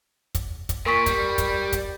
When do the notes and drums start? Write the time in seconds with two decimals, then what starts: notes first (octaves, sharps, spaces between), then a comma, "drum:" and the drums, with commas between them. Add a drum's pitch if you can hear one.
0.35 drum: kick, hi-hat
0.69 drum: kick, hi-hat
0.86 A#2 A#4 C#6 B6
1.06 G3, drum: kick, hi-hat
1.38 drum: kick, hi-hat
1.72 drum: kick, hi-hat